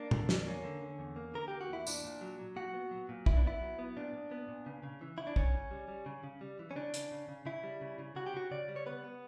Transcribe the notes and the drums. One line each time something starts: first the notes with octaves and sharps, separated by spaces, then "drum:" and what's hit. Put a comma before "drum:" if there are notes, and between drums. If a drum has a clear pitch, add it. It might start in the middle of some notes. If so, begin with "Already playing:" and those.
Already playing: A#3 D4
D3, drum: tom A#2
E2, drum: snare
D4
A#3 C#4
D3
D3
E2
A#3
D3 A#4
A#3 G4
F#4
E2 E4
A#2 D4, drum: tambourine
A#2
F#3
F#3
A#2 F#4
B3
F#3
A#2
B3 E4, drum: kick
D4
B3 E4
F#3
B3
A#2 D4
A#2
B3
A#2
C#3
C#3
E3
C#3 E4
D4
C#3 C#4, drum: kick
C#3
G3
G3
C#3
C#3
G3
E3
C#4
C#3 D4
C#3, drum: hi-hat
C#3
C#3
C#3 E4
G3
C#3
C#3
C#3 F#4
G4
C#3 F#4
C#3 D5
G3
C#5
B3 B4
B3